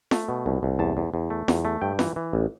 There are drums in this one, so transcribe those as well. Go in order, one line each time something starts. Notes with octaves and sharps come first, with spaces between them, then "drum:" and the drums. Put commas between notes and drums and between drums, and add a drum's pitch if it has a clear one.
A3, drum: snare
B2
C2
C2
E2 A5
E2
E2
A3
E2, drum: snare
A3
G2 G5
E3, drum: snare
E3
A1